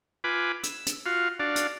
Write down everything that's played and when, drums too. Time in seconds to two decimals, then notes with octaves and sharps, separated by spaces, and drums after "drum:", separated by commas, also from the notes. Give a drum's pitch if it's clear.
0.24 F4 B4 G#5 B5 D6
0.63 E6, drum: hi-hat
0.86 drum: hi-hat
1.06 F4 F#4 F5
1.40 D4 F#4 D5 F5
1.56 drum: hi-hat